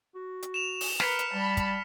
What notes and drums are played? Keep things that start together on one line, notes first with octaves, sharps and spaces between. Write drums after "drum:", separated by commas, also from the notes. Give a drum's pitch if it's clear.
F#4
drum: hi-hat
E7 F7
drum: open hi-hat
A#4 B4 F6 B6 C#7, drum: snare
drum: hi-hat
G3 A5 B5
drum: kick, hi-hat